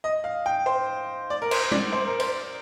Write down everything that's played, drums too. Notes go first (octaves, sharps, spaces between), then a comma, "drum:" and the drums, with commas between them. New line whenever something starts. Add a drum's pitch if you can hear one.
D#5
F5
G5
C5
D5
A#4
C5, drum: cymbal
D5, drum: tom G3
C5
A#4
C5, drum: cymbal